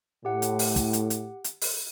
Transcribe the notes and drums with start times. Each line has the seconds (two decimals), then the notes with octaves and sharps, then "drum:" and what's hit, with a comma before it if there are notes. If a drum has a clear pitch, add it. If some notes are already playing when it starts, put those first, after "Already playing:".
0.25 A2 G4 F#5
0.42 drum: hi-hat
0.59 drum: open hi-hat
0.76 drum: kick, hi-hat
0.93 drum: hi-hat
1.10 drum: hi-hat
1.44 drum: hi-hat
1.61 drum: open hi-hat